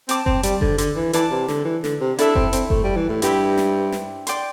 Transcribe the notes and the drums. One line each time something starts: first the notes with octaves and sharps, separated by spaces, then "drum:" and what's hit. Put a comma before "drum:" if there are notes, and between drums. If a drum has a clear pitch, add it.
C4 C5 A5 D6, drum: hi-hat
C4, drum: kick F#1
G3, drum: hi-hat
D3, drum: kick F#1
D3, drum: hi-hat
E3
E3 D5 A5 D6, drum: hi-hat
C3
D3, drum: snare
E3
D3, drum: snare
C3
D4 E4 A4 E5, drum: hi-hat
C4, drum: kick F#1
C4, drum: hi-hat
A3, drum: kick F#1
G3
E3
A2
G2 E4 G4 C5 E5, drum: hi-hat
drum: snare
drum: snare
D5 G5 C6, drum: hi-hat